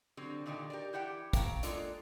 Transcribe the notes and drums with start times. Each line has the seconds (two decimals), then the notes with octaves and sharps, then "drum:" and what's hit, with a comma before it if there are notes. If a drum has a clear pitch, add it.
0.17 D3 F#3 G3 C4
0.46 A#2 D3 D#3 G4 D5
0.70 G4 A#4 D5
0.93 E3 E4 G4 F#5 G5
1.33 F#3 F5 G5 A5 A#5, drum: kick, hi-hat
1.63 G#3 A#3 D4 F4 A4 D5, drum: hi-hat